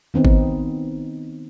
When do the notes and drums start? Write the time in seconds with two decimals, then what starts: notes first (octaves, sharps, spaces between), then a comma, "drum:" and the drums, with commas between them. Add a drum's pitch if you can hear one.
0.14 D#3 B3 C4 D#4
0.25 drum: kick G#1